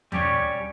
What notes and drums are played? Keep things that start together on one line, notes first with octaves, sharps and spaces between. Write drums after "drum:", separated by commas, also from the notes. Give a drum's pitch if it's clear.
G3 C#4 G4 C#5, drum: tom D#2